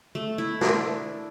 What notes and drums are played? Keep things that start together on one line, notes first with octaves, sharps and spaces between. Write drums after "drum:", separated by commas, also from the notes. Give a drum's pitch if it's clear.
A3
E4
D4, drum: snare